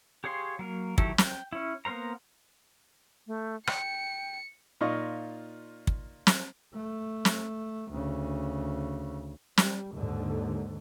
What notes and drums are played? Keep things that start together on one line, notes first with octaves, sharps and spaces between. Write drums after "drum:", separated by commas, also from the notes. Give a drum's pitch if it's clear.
G4 G#4 C#5 F5 C6
F#3 A#3 A#4
D#3 F#3 E4 G4 A4, drum: kick
G5, drum: snare
C#4 E4
A#3 B3 A#4 C5 A#5
A3
G5 C#7, drum: rim click
A#2 D#4 F4 D#5 C#6
drum: kick
drum: snare
A3
drum: snare
D2 C#3
G3, drum: snare
D#2 G#2 D3